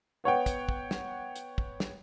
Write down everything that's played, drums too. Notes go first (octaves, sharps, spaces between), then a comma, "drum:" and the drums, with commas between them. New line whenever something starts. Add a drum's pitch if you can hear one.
B3 C#5 F#5 G5
drum: kick, hi-hat
drum: kick
drum: snare
drum: hi-hat
drum: kick
drum: snare